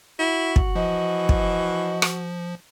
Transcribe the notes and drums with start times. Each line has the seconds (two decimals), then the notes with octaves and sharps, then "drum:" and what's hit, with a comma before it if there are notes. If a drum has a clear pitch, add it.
0.19 E4 F#4
0.56 drum: kick
0.75 E3 F3 D#5
1.29 drum: kick
2.02 drum: rim click